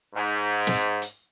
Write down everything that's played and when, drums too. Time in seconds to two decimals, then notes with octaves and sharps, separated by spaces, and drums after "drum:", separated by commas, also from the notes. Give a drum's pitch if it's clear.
0.14 G#2
0.67 drum: snare
1.02 drum: hi-hat